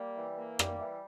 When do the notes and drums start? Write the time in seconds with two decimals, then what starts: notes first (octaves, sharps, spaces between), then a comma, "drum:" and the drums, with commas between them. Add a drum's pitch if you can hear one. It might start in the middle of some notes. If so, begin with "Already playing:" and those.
Already playing: G3 A#3
0.16 E3
0.37 A#3
0.59 G3, drum: rim click
0.80 E3